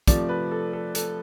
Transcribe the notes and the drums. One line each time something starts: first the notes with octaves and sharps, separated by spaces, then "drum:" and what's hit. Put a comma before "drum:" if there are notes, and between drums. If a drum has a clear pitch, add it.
C3 F3 A3 D5, drum: kick, hi-hat
B4
A4
A4
A4, drum: hi-hat